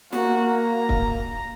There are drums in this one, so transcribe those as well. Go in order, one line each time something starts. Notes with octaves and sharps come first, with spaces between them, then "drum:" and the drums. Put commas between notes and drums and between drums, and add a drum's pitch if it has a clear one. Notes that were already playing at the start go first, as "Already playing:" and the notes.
A#3 F#4, drum: snare
A#5
drum: kick